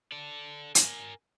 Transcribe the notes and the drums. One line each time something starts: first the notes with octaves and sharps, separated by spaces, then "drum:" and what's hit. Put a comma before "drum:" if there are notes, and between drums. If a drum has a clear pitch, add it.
A4 D5
A#4 G#5, drum: hi-hat